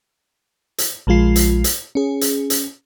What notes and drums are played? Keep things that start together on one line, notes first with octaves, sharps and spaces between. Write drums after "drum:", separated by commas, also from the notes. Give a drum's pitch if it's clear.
drum: hi-hat
A#1 F3 G#3 F4 C7
drum: hi-hat
drum: hi-hat
C#4 G#4
drum: hi-hat
drum: hi-hat